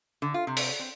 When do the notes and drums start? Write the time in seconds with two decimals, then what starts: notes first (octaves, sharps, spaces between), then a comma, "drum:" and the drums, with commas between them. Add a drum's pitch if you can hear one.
0.22 D3
0.34 F4
0.47 C3
0.57 drum: open hi-hat
0.79 C4